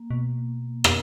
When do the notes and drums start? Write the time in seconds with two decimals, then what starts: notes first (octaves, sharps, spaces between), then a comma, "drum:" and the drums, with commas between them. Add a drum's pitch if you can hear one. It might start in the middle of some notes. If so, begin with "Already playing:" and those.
Already playing: A#3
0.10 B2
0.84 B3, drum: rim click